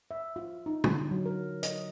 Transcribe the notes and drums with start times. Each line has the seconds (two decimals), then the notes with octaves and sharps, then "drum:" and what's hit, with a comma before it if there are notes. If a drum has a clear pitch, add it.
0.11 E5
0.36 F4
0.66 D#4
0.84 D3, drum: tom
1.11 F#3
1.26 A#4
1.63 D#5, drum: hi-hat